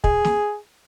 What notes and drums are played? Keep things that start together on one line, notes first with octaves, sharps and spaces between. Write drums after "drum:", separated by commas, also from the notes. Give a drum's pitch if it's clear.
G#4, drum: kick
drum: snare